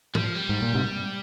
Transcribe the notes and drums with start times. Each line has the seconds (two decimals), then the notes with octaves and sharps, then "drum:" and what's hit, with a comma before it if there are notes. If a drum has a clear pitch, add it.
0.15 G3, drum: tom
0.24 F3
0.35 G3
0.49 G#2
0.62 A#2
0.75 G#2 C3